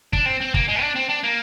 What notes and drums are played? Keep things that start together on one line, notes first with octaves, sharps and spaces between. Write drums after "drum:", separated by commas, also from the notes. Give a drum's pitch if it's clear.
D4, drum: kick
C4
C4
A#3, drum: kick
G#3
D4
C4
D4
A#3